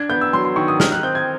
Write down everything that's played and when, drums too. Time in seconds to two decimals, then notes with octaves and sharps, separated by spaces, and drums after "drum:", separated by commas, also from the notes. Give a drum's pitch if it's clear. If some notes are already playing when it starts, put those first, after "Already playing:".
Already playing: D4 G#6
0.10 B3 G6
0.21 E6
0.33 F#3 C6
0.45 C6
0.56 D#3 C#6
0.68 D#6
0.80 D#4 F6, drum: snare
0.92 F#6
1.03 C4 G6
1.15 G#6